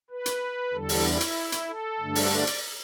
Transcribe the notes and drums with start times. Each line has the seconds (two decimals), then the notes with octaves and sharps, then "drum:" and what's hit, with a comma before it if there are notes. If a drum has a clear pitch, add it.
0.10 B4
0.26 drum: hi-hat
0.73 E2 D3 G3 A4
0.89 drum: open hi-hat
1.05 E4
1.20 drum: hi-hat
1.52 drum: hi-hat
1.67 A4
2.00 G2 D3 A3 D4
2.15 drum: open hi-hat
2.31 D5
2.47 drum: hi-hat